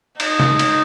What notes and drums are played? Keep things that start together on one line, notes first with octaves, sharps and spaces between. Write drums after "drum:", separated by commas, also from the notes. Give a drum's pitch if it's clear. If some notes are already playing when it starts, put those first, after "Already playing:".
D#4, drum: cymbal
drum: snare
drum: cymbal